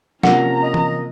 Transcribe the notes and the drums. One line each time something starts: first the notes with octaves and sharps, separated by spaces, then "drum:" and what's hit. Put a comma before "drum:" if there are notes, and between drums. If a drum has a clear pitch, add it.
C3 F3 A#3 C#4 F#5 A#5, drum: snare
D#5
drum: tom E3